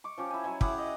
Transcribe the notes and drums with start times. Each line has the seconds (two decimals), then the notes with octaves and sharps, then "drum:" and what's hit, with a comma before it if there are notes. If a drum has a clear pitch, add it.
0.04 C#6 D6
0.18 F3 C#4 G4
0.31 E4 G#5
0.44 F#3 E5 G#5
0.61 E4 G4 G#4 F#5, drum: kick
0.78 D#5